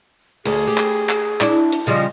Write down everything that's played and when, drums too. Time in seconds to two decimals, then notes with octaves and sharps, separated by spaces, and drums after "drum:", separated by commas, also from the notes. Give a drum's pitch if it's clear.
0.45 D2 G#4, drum: open hi-hat
0.67 G4
0.78 drum: clap
1.09 drum: clap
1.41 D4 E4, drum: clap
1.72 drum: hi-hat
1.87 C#3 F3 G3 D#5